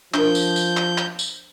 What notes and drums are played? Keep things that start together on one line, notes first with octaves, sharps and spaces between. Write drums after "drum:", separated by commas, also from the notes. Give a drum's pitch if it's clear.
F3 D4 A#4 G6, drum: clap
drum: tambourine
drum: tambourine
drum: clap
drum: clap
drum: tambourine